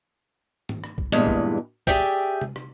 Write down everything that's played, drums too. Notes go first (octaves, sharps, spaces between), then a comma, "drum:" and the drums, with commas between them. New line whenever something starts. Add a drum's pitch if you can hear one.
drum: tom
drum: rim click
drum: kick
E2 G2 A#2 G#3
drum: kick
G4 G#4 D5 E5 G5, drum: kick
drum: tom C3
drum: rim click